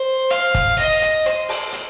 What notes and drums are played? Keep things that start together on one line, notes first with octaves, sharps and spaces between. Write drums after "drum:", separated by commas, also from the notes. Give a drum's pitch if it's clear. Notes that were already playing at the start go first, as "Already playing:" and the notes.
Already playing: C5
F5, drum: hi-hat
drum: kick, hi-hat
D#5, drum: hi-hat
drum: hi-hat
C5, drum: hi-hat
drum: open hi-hat
drum: hi-hat